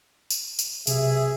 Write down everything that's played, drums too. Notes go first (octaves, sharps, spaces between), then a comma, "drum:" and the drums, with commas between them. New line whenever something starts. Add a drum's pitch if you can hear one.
drum: tambourine
drum: tambourine
B1 C3 G#4 E5, drum: tambourine